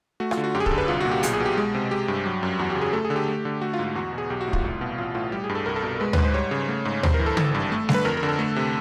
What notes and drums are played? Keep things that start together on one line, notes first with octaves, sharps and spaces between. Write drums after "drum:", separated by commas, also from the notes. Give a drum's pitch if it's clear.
A3 F#4
F4, drum: rim click
D3
F#4
F#2 G4
G#4
D3 A4, drum: kick
B4
C2 F4
A#2 F#4
G4
B1 G#4, drum: hi-hat
G#4
B2
G4
G#3
C3
G#3 G4
G2
F#3
F#2
E2 F#4
G4
C#3
G#4
A3 A4
G#4
D3
G4
A3
D3
A3 F#4
F4
G#2
F4
E2 F#4
B2
G#4
B1 G4
F#4
A2
F4, drum: kick
C2
B2
A1 F4
A2 F4
G3 G4
G#4
G2
A4
C2 A#4
A4
B2
G#3 B4
G#2 B4, drum: tom D2
C5
G3 C#5
C#3
A3
G#2
G2 C5, drum: tom D2
A#4
E3
A4
G#1, drum: tom
G2
A3
D3, drum: snare G3
B4
F2 A#4
A#4
D3
A4
A3
C3